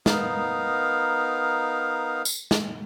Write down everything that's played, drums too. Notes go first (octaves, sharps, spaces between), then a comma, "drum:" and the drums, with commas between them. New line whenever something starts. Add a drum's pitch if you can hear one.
B3 D#4 A#4 F5, drum: snare
drum: tambourine
drum: snare